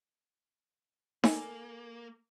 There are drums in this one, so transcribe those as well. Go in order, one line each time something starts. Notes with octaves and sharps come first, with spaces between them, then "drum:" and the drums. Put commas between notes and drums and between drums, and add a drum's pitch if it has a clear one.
A#3 A4 G#5, drum: snare D#4